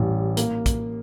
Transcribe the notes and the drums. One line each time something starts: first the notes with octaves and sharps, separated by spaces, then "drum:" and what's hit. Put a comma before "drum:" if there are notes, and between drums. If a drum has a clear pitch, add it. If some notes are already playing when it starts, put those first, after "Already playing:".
Already playing: A1 G3
A#3, drum: hi-hat
drum: kick, hi-hat